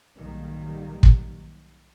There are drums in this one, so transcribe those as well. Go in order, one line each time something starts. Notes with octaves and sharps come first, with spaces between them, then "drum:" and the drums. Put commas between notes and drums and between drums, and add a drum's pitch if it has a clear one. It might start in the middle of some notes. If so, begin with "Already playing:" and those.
B1 G#2 D#3 G3 A#3
drum: kick